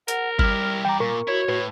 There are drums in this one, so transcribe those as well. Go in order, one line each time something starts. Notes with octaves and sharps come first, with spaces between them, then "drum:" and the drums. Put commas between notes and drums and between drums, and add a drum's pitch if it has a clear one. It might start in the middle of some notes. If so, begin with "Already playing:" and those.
A#4 F#5, drum: hi-hat
G3 E4 G4 F6, drum: kick G1
E3 D5 G5 A#5
A#2 A#4 C#6
E4 F#4 C#5
A2 B4